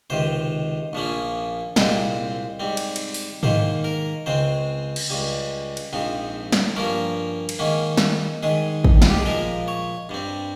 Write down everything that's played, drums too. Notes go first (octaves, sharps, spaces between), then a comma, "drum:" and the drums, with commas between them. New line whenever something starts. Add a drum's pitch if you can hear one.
C#2 C3 D#3 C5
A#1 A#2 F3 A#3 C#4
C2 A#2 G#3 C4 C5, drum: snare
G#2 G3 C4
drum: cymbal
drum: cymbal
drum: open hi-hat
G#2 D#3 A#3 C5, drum: tom G#2
A#4
C#2 C#3 G#3 C4 C5
drum: cymbal
C#2 C#3 G3
drum: cymbal
A#1 G#2 F3 C4
drum: snare
G2 F3 A#3 C#4 A#4
drum: cymbal
G#2 D#3 A#3 C#4
drum: snare
G#2 D#3 G#3 G#4
drum: kick
F4, drum: snare
G4
G#4
A#2 F3 G#3 A#4
C#5
G2 G3 C4